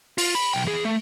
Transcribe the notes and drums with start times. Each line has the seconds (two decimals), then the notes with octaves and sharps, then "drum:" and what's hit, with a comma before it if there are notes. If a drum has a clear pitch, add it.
0.18 F4, drum: open hi-hat
0.35 B5
0.53 B1 G5
0.67 E3 G#4
0.85 A3